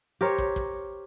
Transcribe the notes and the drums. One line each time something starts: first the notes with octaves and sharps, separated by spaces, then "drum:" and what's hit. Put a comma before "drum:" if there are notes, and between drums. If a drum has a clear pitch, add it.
G4 A#4 C5 C#5
drum: kick
drum: kick